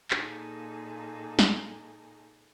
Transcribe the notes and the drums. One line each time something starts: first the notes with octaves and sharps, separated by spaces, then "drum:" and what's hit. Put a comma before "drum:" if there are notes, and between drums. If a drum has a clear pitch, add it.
A#2 A#3 D#4 G#4 A4, drum: clap
drum: snare